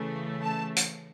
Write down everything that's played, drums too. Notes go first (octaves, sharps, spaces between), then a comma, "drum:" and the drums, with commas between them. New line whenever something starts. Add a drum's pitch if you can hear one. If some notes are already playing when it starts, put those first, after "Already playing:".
Already playing: C#3 E3 A3
A5
drum: hi-hat